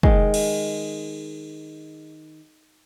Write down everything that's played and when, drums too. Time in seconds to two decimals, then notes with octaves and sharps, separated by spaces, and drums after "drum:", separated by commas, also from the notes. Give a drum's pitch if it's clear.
0.03 D#3 G#3, drum: kick
0.34 drum: cymbal